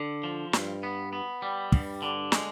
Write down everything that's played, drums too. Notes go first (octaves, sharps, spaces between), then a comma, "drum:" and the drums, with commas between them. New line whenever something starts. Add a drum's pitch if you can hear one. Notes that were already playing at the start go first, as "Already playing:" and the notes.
Already playing: D3
F3
G2, drum: snare
B3
B3
G3
G2, drum: kick
D3
G#3, drum: snare